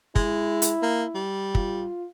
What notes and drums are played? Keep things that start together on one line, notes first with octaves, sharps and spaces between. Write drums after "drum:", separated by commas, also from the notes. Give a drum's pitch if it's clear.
G#3 E4, drum: kick
drum: hi-hat
A#3
G3
F4, drum: kick